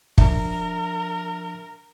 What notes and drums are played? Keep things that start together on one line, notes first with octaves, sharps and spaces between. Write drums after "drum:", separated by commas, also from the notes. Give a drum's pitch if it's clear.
F3 D4 A#4 E5, drum: kick